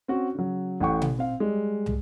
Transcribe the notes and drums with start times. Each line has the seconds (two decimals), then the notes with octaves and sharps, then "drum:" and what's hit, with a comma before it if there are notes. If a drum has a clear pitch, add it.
0.08 C4 C#4 F#4
0.35 C#3 F#3
0.80 A1 A2 F#5 G5 C#6
1.02 drum: tom B2
1.19 C4 F5
1.40 G3 G#3
1.86 drum: tom